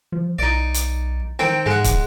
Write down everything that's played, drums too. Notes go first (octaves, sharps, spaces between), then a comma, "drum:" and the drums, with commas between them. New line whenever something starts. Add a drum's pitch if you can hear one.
F3
B1 D#4 D5
drum: hi-hat
D#3 C4 G5
G#2 G#3 F#5
drum: kick, hi-hat